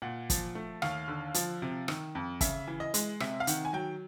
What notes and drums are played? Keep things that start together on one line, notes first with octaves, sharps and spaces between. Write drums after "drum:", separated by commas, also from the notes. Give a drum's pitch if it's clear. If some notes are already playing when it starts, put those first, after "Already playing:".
A#2 F#5
F3, drum: kick, hi-hat
A3
D#2 F5, drum: rim click
D3
F3, drum: hi-hat
C3
D#3, drum: rim click
F2
C#3 E5, drum: kick, hi-hat
E3
D#5
G#3, drum: hi-hat
C3 E5, drum: rim click
F5
D#3 F#5, drum: hi-hat
G#5
F#3 G5